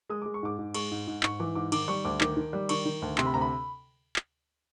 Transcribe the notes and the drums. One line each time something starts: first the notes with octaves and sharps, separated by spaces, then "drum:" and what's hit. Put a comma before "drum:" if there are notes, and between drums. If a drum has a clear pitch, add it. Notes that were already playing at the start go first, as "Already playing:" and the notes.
G#3 D#6
G#3 D6
C#6
G#2 D6
G#2
G#3 C#6, drum: cymbal
G#2
G#2
G#2 C#6, drum: clap
E3 D6
G#2 D6
D#3 D6, drum: cymbal
G3 C#6
D2 D6
D#3 D6, drum: clap
D#3
G3
D#3 C#6, drum: cymbal
D#3
D2
C3 C6, drum: clap
B5
D2 A#5
B5
drum: clap